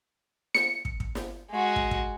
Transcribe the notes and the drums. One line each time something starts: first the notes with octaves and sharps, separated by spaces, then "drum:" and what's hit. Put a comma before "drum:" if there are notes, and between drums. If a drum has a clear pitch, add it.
C#7, drum: snare
drum: kick
drum: kick
drum: snare
G#3 F#4
drum: kick
drum: kick